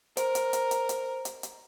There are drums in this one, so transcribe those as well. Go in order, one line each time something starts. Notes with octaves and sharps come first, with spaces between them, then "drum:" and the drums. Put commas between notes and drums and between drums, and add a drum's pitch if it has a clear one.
A#4 C5, drum: hi-hat
drum: hi-hat
drum: hi-hat
drum: hi-hat
drum: hi-hat
drum: hi-hat
drum: hi-hat